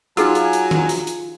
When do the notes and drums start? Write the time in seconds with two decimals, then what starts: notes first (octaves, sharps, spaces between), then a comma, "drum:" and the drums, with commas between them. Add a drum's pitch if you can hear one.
0.17 F#3 D#4 F4 G#4 G#5 E6, drum: hi-hat
0.35 drum: hi-hat
0.53 drum: hi-hat
0.71 drum: tom D#3
0.89 drum: hi-hat
1.07 drum: hi-hat